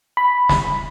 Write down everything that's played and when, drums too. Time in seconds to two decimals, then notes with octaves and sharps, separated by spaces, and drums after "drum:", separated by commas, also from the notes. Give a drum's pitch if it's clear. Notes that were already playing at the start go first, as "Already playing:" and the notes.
0.17 B5
0.49 drum: snare